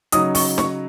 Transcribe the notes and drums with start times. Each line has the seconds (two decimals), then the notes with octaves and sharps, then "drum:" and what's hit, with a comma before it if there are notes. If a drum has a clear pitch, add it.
0.12 C#3 F#3 D#4 D#6, drum: hi-hat
0.35 C#6, drum: open hi-hat
0.58 C#6, drum: snare